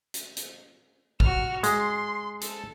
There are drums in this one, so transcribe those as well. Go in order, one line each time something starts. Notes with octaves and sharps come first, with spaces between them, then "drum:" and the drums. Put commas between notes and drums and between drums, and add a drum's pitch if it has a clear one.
drum: hi-hat
drum: hi-hat
F#4 F6, drum: kick
G#3 C6, drum: hi-hat
A4, drum: hi-hat